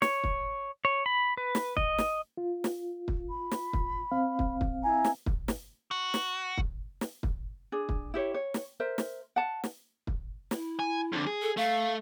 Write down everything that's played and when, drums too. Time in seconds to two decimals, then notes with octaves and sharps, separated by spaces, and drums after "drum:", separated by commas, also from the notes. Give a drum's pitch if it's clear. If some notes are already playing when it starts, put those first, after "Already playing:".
0.02 C#5, drum: snare
0.24 drum: kick
0.85 C#5
1.06 B5
1.37 B4
1.55 drum: snare
1.77 D#5, drum: kick
1.98 drum: snare
2.37 F4
2.64 drum: snare
3.08 drum: kick
3.30 B5
3.51 drum: snare
3.73 drum: kick
4.12 C4 F5
4.39 drum: kick
4.61 drum: kick
4.84 E4 G#5 A#5
5.04 drum: snare
5.26 drum: kick
5.48 drum: snare
5.91 F#4
6.14 drum: snare
6.58 drum: kick
7.01 drum: snare
7.23 drum: kick
7.72 D4 G#4
7.89 drum: kick
8.14 E4 G4 C#5
8.34 C#5
8.54 drum: snare
8.80 A#4 C5 E5
8.98 drum: snare
9.36 F#5 A5
9.64 drum: snare
10.07 drum: kick
10.51 E4, drum: snare
10.80 G#5
11.12 F2 D3
11.27 G#4
11.42 A4
11.57 A3 F5